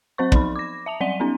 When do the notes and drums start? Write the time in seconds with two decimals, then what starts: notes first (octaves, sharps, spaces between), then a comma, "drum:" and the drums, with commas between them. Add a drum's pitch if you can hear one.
0.18 F#3 C4 C5 C#6
0.32 F3 D#4 B5, drum: kick
0.56 D6 A#6
0.86 E5 A5 F7
1.00 F#3 G3 D5 F#5 D#7 G7
1.20 B3 C#4 D#4